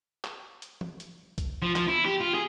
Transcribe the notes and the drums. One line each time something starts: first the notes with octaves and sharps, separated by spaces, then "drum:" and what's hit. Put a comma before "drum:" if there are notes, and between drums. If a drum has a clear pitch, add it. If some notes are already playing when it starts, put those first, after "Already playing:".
drum: clap
drum: hi-hat
drum: tom
drum: hi-hat
drum: kick, hi-hat
F3
F3, drum: clap
E4
G4
F4
G#4